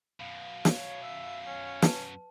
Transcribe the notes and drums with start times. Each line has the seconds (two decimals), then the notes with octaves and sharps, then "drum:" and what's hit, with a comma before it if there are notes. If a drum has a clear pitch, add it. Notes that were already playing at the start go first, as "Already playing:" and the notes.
0.20 F#2 B2 F5
0.65 C#5, drum: snare
1.03 E5
1.47 C#4
1.82 B4 A5, drum: snare